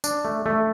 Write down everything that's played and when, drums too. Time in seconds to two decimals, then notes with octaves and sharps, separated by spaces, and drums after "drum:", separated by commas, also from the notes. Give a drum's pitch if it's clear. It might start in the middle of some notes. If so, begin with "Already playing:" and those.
0.04 D4, drum: tambourine
0.25 A3
0.46 A3